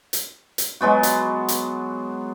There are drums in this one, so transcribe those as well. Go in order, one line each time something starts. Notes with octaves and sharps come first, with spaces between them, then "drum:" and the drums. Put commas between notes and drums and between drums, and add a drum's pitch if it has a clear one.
drum: hi-hat
drum: hi-hat
F#3 G#3 B3 F#4
drum: hi-hat
drum: hi-hat